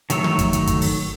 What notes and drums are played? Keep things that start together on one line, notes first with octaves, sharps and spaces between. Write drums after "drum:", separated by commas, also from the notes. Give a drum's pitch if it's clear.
D#3 F#3 A3 C#5 E6, drum: hi-hat
drum: tom D3
drum: kick, hi-hat
drum: hi-hat
drum: kick, hi-hat
drum: open hi-hat